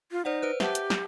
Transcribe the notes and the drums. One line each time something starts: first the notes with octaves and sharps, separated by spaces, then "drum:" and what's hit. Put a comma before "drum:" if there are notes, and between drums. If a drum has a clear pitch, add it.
F4
D#4 C5 D5 F#5
B4 C5 F#6
G4 E5 F#5 A5, drum: snare
drum: hi-hat
drum: snare